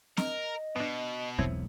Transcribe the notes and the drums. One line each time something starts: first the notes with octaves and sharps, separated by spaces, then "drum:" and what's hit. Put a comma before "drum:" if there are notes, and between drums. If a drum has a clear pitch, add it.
A#4 D#5, drum: snare C4
B2 B3 D4
E1 B1 B3 C4 E4 C#5, drum: kick E2